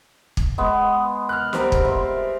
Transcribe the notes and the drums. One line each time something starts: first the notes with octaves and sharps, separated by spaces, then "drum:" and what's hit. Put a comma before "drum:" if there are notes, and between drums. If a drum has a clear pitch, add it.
drum: kick
G#3 B3
F6 F#6
G3 C4 A#4, drum: snare
drum: kick
C5 E5